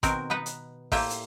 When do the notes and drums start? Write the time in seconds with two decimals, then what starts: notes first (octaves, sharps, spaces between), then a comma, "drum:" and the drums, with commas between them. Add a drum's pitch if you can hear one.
0.03 B2 D#3 C4 F#4 A#4, drum: kick A1, hi-hat
0.30 B3 D#4 B4 F#5
0.46 drum: hi-hat
0.92 A2 A#3 F4 G4 E5 G5, drum: kick A1, open hi-hat
1.10 drum: hi-hat